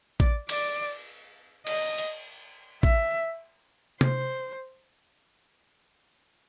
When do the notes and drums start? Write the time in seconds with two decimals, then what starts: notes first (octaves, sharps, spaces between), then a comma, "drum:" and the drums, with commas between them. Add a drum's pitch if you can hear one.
0.20 D5, drum: kick
0.49 D5, drum: cymbal
1.67 D#5, drum: cymbal
1.98 drum: hi-hat
2.83 E5, drum: kick
4.01 C5, drum: tom